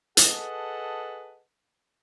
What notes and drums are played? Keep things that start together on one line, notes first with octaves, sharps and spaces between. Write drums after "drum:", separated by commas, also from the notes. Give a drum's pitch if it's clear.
G#4 A4 B4 D#5 F#5 A5, drum: hi-hat